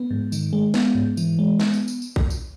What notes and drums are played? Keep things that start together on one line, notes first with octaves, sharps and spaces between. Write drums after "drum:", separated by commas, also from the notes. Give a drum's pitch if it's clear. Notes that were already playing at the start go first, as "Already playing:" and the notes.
Already playing: B3
G#2
D#3, drum: tambourine
G#3
B3, drum: snare
G#2
E3, drum: tambourine
G#3
B3, drum: snare
drum: tambourine
drum: tambourine
drum: tambourine
drum: kick A#1
drum: tambourine